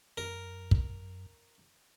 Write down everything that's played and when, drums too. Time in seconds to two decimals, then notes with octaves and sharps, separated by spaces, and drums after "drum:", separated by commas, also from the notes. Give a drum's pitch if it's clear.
0.18 F#2 A#4
0.71 drum: kick